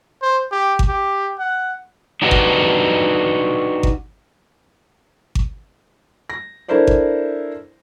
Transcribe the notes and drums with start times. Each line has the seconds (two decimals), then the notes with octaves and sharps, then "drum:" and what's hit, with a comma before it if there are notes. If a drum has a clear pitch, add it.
0.22 C5
0.52 G4
0.79 drum: kick G#1
0.88 G4
1.39 F#5
2.22 D4 D#4 F#4 G4 B4 D#5
2.31 drum: kick G#1
3.83 drum: kick G#1
5.35 drum: kick G#1
6.30 A#6
6.68 D4 E4 A4 A#4 C5 D5
6.87 drum: kick G#1